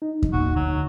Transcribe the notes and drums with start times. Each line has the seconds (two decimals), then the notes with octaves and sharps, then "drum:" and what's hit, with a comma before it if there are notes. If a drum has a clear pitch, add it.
0.02 D#4
0.23 drum: kick E2
0.33 A#2 F#4
0.56 D2 F#3